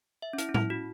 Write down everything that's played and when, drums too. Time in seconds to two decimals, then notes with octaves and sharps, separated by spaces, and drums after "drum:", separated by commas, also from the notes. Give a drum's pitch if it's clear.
0.22 E5
0.33 C#4
0.38 E4, drum: hi-hat
0.49 C#4
0.54 E4, drum: tom A2
0.70 F#4